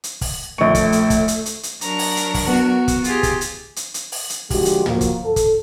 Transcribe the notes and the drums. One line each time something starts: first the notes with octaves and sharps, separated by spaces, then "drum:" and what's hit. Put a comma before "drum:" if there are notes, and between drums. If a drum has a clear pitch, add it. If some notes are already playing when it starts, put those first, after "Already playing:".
drum: hi-hat
drum: kick, open hi-hat
A#1 A3 C#6
drum: kick, hi-hat
drum: hi-hat
drum: kick, hi-hat
drum: hi-hat
drum: hi-hat
drum: hi-hat
F#3 D4 A#4 A#5 C#6, drum: hi-hat
drum: open hi-hat
drum: hi-hat
drum: kick, open hi-hat
B3 F#4
drum: kick, hi-hat
F4 G4 G#4, drum: hi-hat
drum: kick, hi-hat
drum: hi-hat
drum: hi-hat
drum: hi-hat
drum: open hi-hat
drum: hi-hat
D3 F3 G#3 F#4 G4, drum: kick, open hi-hat
drum: hi-hat
F3 F#3 A#3, drum: tom
drum: kick, hi-hat
A4
drum: kick, hi-hat